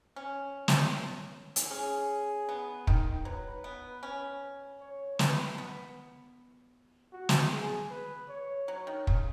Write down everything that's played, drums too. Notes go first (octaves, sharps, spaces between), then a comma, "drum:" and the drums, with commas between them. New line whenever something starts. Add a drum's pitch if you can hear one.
C#4
drum: snare
drum: hi-hat
C#4 G#4
B3
D#3, drum: kick
F#3 B4
B3
C#4
C#5
B4, drum: snare
B3
F#4
drum: snare
G#4
B4
C#5
F#3 C#5
D#3
C#3, drum: kick